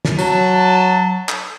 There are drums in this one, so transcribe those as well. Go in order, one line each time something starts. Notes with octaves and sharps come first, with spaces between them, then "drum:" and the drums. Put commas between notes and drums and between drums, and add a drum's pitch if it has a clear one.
drum: snare
F#3 A5, drum: tambourine
drum: clap